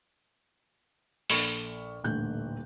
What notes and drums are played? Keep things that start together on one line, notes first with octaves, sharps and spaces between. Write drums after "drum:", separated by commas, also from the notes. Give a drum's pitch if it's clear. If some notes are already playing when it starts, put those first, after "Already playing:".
A#1 A4 B5 C#6 F6, drum: open hi-hat
D#1 A1 D3 A3 F#6 G6